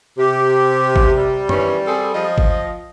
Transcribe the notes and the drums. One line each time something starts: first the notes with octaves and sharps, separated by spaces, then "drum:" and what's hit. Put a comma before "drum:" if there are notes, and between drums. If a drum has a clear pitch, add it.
C3 G4
drum: kick G#1
G3
D#3 E3 C#4, drum: tom F#2
C4 G#4 A4
F3 D#5
drum: kick G#1